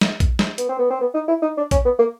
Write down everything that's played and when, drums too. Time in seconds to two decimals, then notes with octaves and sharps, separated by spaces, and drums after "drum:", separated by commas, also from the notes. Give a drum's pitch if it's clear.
0.01 drum: snare
0.20 drum: kick A#1, hi-hat
0.39 drum: snare
0.58 B3, drum: hi-hat
0.69 C4
0.79 B3
0.90 C4
1.01 B3
1.14 D#4
1.28 E4
1.42 D#4
1.57 D4
1.71 C#4, drum: kick A#1, hi-hat
1.85 B3
1.99 A#3